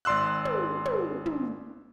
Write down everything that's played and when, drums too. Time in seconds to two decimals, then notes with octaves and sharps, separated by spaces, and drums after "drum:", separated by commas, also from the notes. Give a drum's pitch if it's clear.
0.05 G#1 D5 C6 E6 F#6
0.45 drum: tom
0.85 drum: tom
1.26 drum: tom